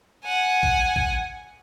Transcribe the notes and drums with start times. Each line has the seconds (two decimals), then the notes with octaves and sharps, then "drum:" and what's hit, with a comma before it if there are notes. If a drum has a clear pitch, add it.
0.24 F#5 G#5
0.63 drum: kick A1
0.96 drum: kick A1